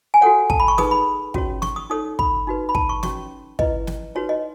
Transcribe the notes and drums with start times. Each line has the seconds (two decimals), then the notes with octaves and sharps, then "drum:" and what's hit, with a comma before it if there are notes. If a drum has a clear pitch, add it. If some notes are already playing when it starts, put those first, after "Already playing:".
0.14 G#5
0.21 F#4 A4 C#5 F#5
0.50 A5, drum: kick
0.60 B5
0.68 C#6
0.78 D#4 G#4 B4 D#6, drum: snare
0.91 B5
1.34 C#4 F#4 C#5, drum: kick
1.62 C#6, drum: snare
1.76 D#6
1.90 D#4 A4 C#5 D#6
2.19 B5, drum: kick
2.47 D#4 F#4 B4
2.69 B5
2.75 A5, drum: kick
2.89 C#6
3.03 C#4 F#4 C#5 C#6, drum: snare
3.59 E4 B4 D#5, drum: kick
3.87 drum: snare
4.15 D#4 F#4 B4 C#5
4.29 D#5